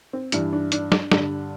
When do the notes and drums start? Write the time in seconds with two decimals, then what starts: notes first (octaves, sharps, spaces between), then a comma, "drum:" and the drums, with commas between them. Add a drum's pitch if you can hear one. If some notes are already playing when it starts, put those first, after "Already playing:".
0.13 C4
0.32 G2 E3 D4, drum: hi-hat
0.53 D4
0.72 D4, drum: hi-hat
0.92 drum: snare
1.12 G2 D3, drum: snare